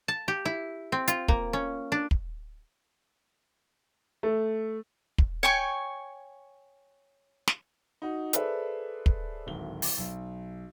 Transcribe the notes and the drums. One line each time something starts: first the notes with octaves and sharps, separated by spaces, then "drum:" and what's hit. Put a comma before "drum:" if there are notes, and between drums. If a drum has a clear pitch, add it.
A5
G4
E4
C4
F4, drum: hi-hat
A#3, drum: kick
C#4
D4
drum: kick
A3
drum: kick
C#5 G5 G#5 C#6
drum: snare
D#4 F#4
G#4 A4 B4 C5 D5 E5, drum: hi-hat
drum: kick
D1 G#1 G7
drum: open hi-hat
B1